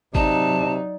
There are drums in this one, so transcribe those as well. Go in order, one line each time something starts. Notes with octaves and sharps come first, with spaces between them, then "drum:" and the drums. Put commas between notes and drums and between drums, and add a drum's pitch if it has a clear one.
C3 F#3 D#4 D5 A5, drum: kick G1